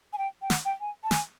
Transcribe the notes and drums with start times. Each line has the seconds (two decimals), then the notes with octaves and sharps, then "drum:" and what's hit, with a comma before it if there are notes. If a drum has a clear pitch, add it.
0.13 G#5
0.18 G5
0.42 G5
0.50 F#5, drum: snare
0.65 G5
0.80 G#5
1.04 A5
1.11 G#5, drum: snare